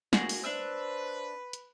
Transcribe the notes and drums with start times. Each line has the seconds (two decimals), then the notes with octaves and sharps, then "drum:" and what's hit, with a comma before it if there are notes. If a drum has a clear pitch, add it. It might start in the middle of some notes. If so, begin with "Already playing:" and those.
0.13 A#3 F#4 G#4, drum: snare
0.29 drum: open hi-hat
0.43 D4 B4 C5 E5 E6
1.53 drum: hi-hat